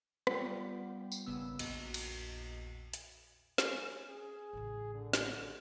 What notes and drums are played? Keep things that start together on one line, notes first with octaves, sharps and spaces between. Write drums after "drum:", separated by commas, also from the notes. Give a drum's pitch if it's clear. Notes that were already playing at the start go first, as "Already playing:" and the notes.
G3 B3 F4 D5 F#5 G5, drum: rim click
drum: tambourine
G#1 C#3 B3 E6
A#1 E2 A#2 F#4 D#5, drum: cymbal
drum: cymbal
drum: hi-hat
C#4, drum: snare
G#4
A1 C#3
D3
drum: snare